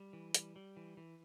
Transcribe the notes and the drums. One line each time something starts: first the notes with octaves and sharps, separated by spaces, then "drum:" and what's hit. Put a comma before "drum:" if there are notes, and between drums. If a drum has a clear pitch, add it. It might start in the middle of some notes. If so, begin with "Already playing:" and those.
Already playing: G3
E3
G3, drum: hi-hat
G3
E3
E3